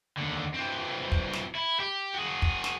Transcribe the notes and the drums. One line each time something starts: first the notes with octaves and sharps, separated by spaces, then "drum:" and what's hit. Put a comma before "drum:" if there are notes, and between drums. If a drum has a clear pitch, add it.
D#2 D3
E3 C4
drum: kick
drum: snare
E4
G4
F#4 G#4
drum: kick
drum: snare